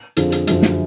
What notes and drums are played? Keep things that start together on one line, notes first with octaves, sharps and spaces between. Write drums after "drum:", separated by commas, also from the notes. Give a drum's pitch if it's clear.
F2 D3 F3 G#4, drum: hi-hat
G#4, drum: hi-hat
F#2 D3 F3, drum: hi-hat
drum: snare